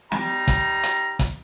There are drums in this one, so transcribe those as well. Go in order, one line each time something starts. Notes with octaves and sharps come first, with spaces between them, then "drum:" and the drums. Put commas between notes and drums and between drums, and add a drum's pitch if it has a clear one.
G3 D#4 A#5, drum: snare
drum: kick, hi-hat
drum: hi-hat
drum: kick, hi-hat